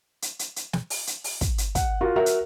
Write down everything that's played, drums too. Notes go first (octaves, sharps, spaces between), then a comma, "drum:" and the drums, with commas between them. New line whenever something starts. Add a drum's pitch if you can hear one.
drum: hi-hat
drum: hi-hat
drum: hi-hat
drum: snare
drum: open hi-hat
drum: hi-hat
drum: open hi-hat
drum: kick, hi-hat
drum: hi-hat
F#5, drum: kick, hi-hat
F4 F#4 A#4
F#4 A#4 E5
drum: hi-hat